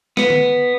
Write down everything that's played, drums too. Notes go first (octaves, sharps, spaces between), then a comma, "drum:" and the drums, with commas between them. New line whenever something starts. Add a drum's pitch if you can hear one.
B3, drum: snare
drum: tom D3